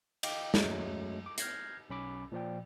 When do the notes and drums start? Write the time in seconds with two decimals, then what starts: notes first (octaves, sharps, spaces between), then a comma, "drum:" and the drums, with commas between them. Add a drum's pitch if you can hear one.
0.23 D#5 F5 G5 D6, drum: cymbal
0.54 F#2 F#3 G#3 A3, drum: snare
1.26 D6
1.38 F6 G6 G#6 A#6 C7, drum: hi-hat
1.90 B1 C#4 B5 D6
2.32 A#2 F3 D5 G5